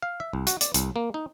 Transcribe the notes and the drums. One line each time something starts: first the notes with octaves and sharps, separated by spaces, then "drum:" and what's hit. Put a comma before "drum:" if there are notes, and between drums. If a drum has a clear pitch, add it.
F5
E5
C2
F#4, drum: hi-hat
D5, drum: hi-hat
C2, drum: hi-hat
A#3
D#4